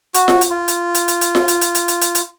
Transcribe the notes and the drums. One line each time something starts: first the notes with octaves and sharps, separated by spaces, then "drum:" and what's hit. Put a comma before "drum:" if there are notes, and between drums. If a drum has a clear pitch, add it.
F#4, drum: hi-hat
drum: snare F4
drum: hi-hat
F4
drum: hi-hat
drum: hi-hat
drum: hi-hat
drum: hi-hat
drum: snare F4
drum: hi-hat
drum: hi-hat
drum: hi-hat
drum: hi-hat
drum: hi-hat
drum: hi-hat